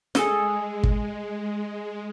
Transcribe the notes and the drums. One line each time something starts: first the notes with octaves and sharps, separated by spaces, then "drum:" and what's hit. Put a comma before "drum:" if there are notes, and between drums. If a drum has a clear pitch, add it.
G#3 G#4 A4 D#5, drum: snare
drum: kick